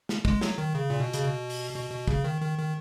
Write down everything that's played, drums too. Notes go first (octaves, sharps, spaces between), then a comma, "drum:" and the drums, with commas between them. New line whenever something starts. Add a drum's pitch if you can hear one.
drum: snare
G#3, drum: kick
F#3, drum: snare
D#3
C#3
A#2
B2
C#3, drum: hi-hat
B2
drum: open hi-hat
B2
B2
C#3, drum: kick
D#3
D#3
D#3